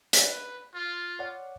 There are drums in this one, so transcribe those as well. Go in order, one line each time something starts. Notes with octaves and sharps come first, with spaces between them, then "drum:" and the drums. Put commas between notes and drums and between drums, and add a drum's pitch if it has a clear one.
drum: hi-hat
B4
F4
C#5 D5 F#5